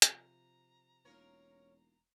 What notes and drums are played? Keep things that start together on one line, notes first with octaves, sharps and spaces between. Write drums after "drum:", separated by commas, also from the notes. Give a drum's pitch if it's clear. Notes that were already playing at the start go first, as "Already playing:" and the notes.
C3 F3 F4 A#5, drum: hi-hat
E1 A#3 C#4 D#4 F4 A#4 C#5